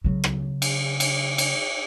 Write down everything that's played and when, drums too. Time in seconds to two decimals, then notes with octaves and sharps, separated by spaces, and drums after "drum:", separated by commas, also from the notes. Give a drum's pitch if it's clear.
0.04 C#3 F#3
0.24 drum: rim click
0.62 drum: cymbal
1.00 drum: cymbal
1.38 drum: cymbal